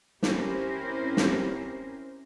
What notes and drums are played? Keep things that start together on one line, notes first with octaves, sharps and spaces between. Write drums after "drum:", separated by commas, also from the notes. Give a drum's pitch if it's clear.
C4 C#4 E4 G4 A#4 C5, drum: snare
drum: snare